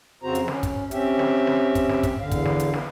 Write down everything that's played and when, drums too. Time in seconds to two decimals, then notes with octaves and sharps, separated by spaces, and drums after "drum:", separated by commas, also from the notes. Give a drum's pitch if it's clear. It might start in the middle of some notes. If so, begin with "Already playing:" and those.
0.23 F2 C#3 C4 F#4 C5 A#5
0.35 drum: hi-hat
0.48 C#4, drum: snare
0.63 drum: kick, hi-hat
0.91 C4 C#4 G4 E5, drum: hi-hat
1.19 drum: snare
1.47 drum: snare
1.75 drum: kick, hi-hat
1.89 drum: snare
2.03 drum: kick, hi-hat
2.20 E2 D3 F5
2.31 drum: kick, hi-hat
2.45 drum: snare
2.60 drum: hi-hat
2.74 drum: snare